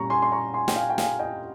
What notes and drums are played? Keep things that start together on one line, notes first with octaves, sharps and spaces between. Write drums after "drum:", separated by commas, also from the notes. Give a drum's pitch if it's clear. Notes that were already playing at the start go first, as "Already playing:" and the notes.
Already playing: A#2 G3 C#4 A#5 C#6
G#5 C6
C6
A#5 C#6
G#5 C6
G5, drum: snare
F5 G#5
G5
F5 G#5, drum: snare
D#5 G5